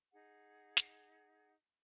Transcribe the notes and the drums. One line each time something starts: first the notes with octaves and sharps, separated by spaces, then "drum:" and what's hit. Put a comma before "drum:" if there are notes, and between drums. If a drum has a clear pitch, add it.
D#4 G#4 F#5
drum: snare